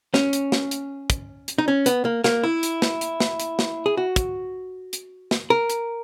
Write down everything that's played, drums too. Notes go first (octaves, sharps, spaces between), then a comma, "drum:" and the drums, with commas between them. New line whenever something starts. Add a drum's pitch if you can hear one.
C#4, drum: snare
drum: hi-hat
drum: snare
drum: hi-hat
drum: kick, hi-hat
drum: hi-hat
D#4
C#4
B3, drum: hi-hat
A#3
A#3, drum: snare
E4
drum: hi-hat
drum: snare
drum: hi-hat
drum: snare
drum: hi-hat
drum: snare
G#4
F#4
drum: kick, hi-hat
drum: hi-hat
drum: snare
A#4
drum: hi-hat